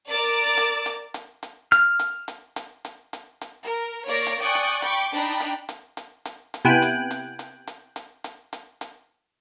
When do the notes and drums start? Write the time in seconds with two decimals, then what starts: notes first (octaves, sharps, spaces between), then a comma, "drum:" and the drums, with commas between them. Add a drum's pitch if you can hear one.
0.11 A#4 D5 D6 E6 A6
0.57 drum: hi-hat
0.86 drum: hi-hat
1.14 drum: hi-hat
1.43 drum: hi-hat
1.72 F6, drum: hi-hat
1.99 drum: hi-hat
2.28 drum: hi-hat
2.56 drum: hi-hat
2.85 drum: hi-hat
3.13 drum: hi-hat
3.41 drum: hi-hat
3.64 A#4
4.06 A#3 C#5 D5 A#6 D7
4.27 drum: hi-hat
4.41 D5 G5 G#5 C#6 D#6 F#6
4.55 drum: hi-hat
4.82 G5 B5 C#6 D6 G6, drum: hi-hat
5.14 D4 D#4 G5 B5
5.40 drum: hi-hat
5.69 drum: hi-hat
5.97 drum: hi-hat
6.25 drum: hi-hat
6.54 drum: hi-hat
6.65 C3 B3 E4 G5 G#5 F#6
6.82 drum: hi-hat
7.11 drum: hi-hat
7.39 drum: hi-hat
7.67 drum: hi-hat
7.96 drum: hi-hat
8.24 drum: hi-hat
8.53 drum: hi-hat
8.81 drum: hi-hat